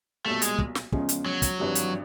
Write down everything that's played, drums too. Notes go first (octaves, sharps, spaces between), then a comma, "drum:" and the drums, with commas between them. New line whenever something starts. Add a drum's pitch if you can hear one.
B1 A#2 G3 A3
G#3, drum: hi-hat
drum: kick
drum: snare
E2 C#3 F3 G#3 C#4, drum: kick
drum: hi-hat
F#3
drum: kick, hi-hat
G#1 G2 E3 G3
drum: hi-hat